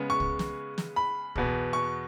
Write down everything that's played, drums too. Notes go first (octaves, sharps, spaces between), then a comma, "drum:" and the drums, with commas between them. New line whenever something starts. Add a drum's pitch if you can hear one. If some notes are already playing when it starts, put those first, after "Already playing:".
Already playing: C#3 G#3 B3
C#6
drum: kick
drum: snare
drum: snare
B5
E2 B2 B3, drum: kick
C#6